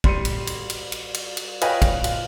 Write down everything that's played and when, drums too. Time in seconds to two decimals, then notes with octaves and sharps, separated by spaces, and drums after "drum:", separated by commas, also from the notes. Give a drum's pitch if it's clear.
0.04 G3 C6 C#7 D#7, drum: kick
0.25 drum: cymbal
0.47 drum: cymbal
0.70 drum: cymbal
0.92 drum: cymbal
1.14 drum: cymbal
1.37 drum: cymbal
1.61 F4 B4 C#5 D#5 G5 G#5, drum: cymbal
1.82 drum: kick, cymbal
2.04 F4, drum: cymbal